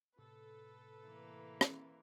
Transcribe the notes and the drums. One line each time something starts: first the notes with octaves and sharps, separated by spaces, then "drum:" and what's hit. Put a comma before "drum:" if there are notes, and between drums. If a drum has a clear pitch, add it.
A2 C3 A4 B4
E3 A#3
drum: rim click